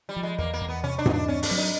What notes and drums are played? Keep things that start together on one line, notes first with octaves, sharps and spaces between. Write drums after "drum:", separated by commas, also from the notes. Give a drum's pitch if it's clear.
G3
F3
G#3
E2 A#3
A#3
E2
B3
C3 C#4
D4
E2 D#4, drum: tom G#2
D4
C4 C#4
D4, drum: open hi-hat
F#3
D#4